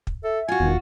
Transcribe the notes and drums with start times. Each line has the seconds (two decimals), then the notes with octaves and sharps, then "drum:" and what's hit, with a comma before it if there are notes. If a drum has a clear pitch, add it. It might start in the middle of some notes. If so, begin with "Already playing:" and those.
0.07 drum: kick
0.24 A4 E5
0.48 F4 F#4 G#5
0.60 E1 D#3